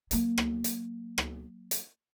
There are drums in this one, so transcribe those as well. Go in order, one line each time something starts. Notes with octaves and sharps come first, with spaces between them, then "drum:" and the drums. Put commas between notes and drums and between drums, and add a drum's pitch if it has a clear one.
F#3 A#3, drum: hi-hat
drum: rim click
drum: hi-hat
drum: rim click
drum: hi-hat